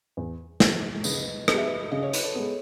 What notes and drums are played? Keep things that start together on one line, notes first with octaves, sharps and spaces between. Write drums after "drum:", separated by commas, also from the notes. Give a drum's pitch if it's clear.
E2
C#3 E3 B3, drum: snare
C#3 B4 D#5, drum: tambourine
G#3 B3 D#5, drum: rim click
E5
B4 D#5
C#3 D#5
C#5
B4, drum: hi-hat
A4 C#5
G#3 B3